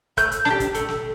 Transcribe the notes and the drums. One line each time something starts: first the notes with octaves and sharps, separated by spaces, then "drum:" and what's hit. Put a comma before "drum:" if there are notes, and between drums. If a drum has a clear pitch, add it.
A3 G6, drum: kick, hi-hat
drum: hi-hat
D4, drum: snare
G4
drum: kick, hi-hat
A3, drum: hi-hat
drum: snare